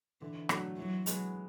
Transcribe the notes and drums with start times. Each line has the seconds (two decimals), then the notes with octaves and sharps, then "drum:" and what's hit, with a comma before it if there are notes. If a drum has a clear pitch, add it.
0.21 D3 E3
0.49 F#3 A3 D4 A4, drum: rim click
0.78 E3 F#3
1.06 G#3 B3, drum: hi-hat